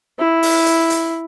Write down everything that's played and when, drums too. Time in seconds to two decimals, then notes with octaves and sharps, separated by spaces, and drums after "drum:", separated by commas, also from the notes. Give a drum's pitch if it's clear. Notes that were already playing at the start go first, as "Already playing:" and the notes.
0.19 E4
0.43 drum: open hi-hat
0.66 drum: hi-hat
0.90 drum: hi-hat